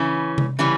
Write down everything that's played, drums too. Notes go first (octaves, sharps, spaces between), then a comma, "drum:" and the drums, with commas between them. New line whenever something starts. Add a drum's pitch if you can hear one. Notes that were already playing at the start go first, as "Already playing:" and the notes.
Already playing: C#3 E3 C#4
drum: tom C3
C#3 E3 G3 C#4